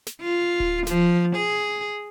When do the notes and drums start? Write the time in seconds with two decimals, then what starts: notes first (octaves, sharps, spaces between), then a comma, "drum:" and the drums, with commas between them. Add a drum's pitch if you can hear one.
0.07 drum: snare
0.21 F4
0.60 drum: kick D1
0.87 F3, drum: snare
1.36 G#4